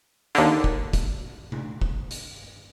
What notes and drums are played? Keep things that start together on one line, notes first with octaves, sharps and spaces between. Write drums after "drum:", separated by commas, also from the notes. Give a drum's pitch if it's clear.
D#2 D3, drum: hi-hat
drum: kick
drum: kick, hi-hat
drum: tom C3
drum: kick
drum: hi-hat